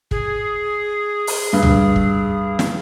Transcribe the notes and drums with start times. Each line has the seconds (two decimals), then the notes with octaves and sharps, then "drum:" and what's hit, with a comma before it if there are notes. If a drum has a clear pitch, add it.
0.11 G#4, drum: kick
1.27 drum: open hi-hat
1.53 G2
1.63 drum: tom C#2
1.96 drum: kick
2.59 drum: snare